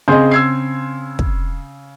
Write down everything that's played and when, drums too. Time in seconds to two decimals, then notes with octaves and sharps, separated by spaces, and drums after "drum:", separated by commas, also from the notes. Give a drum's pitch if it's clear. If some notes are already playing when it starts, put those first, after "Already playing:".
0.08 C#3 C4 G#4 D#5 C6 G6
0.31 E6 G#6 C7
1.19 drum: kick